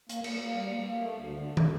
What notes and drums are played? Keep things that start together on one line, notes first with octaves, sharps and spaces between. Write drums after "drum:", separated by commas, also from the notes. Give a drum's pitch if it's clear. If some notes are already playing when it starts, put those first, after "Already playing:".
A#3, drum: hi-hat
A#3, drum: cymbal
A#3
G3
A#3
A#3
A3
D2
D3
A3
D3, drum: tom